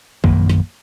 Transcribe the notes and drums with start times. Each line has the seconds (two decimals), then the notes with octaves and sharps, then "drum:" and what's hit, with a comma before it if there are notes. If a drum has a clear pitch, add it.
0.24 A#1 F#2 D#3 A#3, drum: kick
0.49 drum: snare